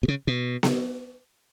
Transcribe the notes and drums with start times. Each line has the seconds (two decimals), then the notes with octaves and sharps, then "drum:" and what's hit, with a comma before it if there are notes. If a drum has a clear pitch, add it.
0.03 B2
0.08 C#3
0.27 B2
0.63 drum: snare B3